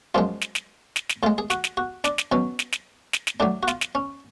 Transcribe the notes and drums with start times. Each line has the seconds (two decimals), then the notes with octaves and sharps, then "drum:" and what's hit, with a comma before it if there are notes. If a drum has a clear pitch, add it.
0.15 F#2 F3 G#3 F4
0.41 drum: snare
0.55 drum: snare
0.96 drum: snare
1.09 drum: snare
1.23 A2 G#3 F4
1.38 G#4
1.50 F#4, drum: snare
1.64 drum: snare
1.77 F#4
2.04 D4, drum: snare
2.18 drum: snare
2.32 B2 F#3 C#4
2.59 drum: snare
2.72 drum: snare
3.13 drum: snare
3.27 drum: snare
3.40 A2 F#3 D4
3.63 F#4
3.68 F4, drum: snare
3.81 drum: snare
3.95 C#4